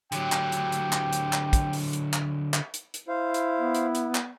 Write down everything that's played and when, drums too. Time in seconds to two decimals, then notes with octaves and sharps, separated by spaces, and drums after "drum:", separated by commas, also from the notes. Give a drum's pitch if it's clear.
0.12 D3 F#3 G4 G5, drum: hi-hat
0.32 drum: clap
0.52 drum: hi-hat
0.72 drum: hi-hat
0.92 drum: clap
1.13 drum: hi-hat
1.33 drum: clap
1.53 drum: kick, hi-hat
1.73 drum: open hi-hat
1.93 drum: hi-hat
2.13 drum: clap
2.54 drum: clap
2.74 drum: hi-hat
2.94 drum: hi-hat
3.09 E4 C5 F5
3.34 drum: hi-hat
3.58 B3
3.75 drum: hi-hat
3.95 drum: hi-hat
4.15 drum: clap